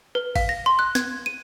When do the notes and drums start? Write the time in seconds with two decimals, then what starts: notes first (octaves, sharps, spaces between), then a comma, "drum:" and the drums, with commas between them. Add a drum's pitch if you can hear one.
0.15 B4
0.36 F5, drum: kick, cymbal
0.49 A#6
0.66 C6
0.79 F#6
0.95 G#6, drum: snare
1.26 D#7